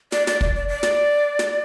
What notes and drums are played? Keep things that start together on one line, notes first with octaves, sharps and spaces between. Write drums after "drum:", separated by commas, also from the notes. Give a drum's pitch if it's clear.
D5, drum: snare
D5, drum: snare
D5, drum: kick
D5
D5
drum: snare
drum: snare